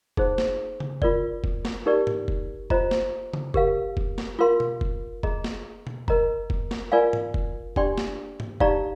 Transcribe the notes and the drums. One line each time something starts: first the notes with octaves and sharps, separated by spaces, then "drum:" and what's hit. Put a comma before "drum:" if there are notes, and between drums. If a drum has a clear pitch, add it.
D#4 G#4 C5, drum: kick F1
drum: snare
drum: tom C#3
F4 A#4 D5, drum: kick F1
drum: kick F1
drum: snare
D#4 G4 A#4 D5
drum: tom G#2
drum: kick F1
F4 C5 D#5 A#5, drum: kick F1
drum: snare
drum: tom C#3
G4 A#4 F5, drum: kick F1
drum: kick F1
drum: snare
F4 A#4 F5 C6
drum: tom B2
drum: kick F1
G#4 D#5 A#5, drum: kick F1
drum: snare
drum: tom B2
A#4 D#5 A#5, drum: kick F1
drum: kick F1
drum: snare
F4 A#4 D5 F5 G#5
drum: tom G#2
drum: kick F1
D4 G4 D5 G5 C6, drum: kick F1
drum: snare
drum: tom G#2
D#4 G4 D5 F5 A#5, drum: kick F1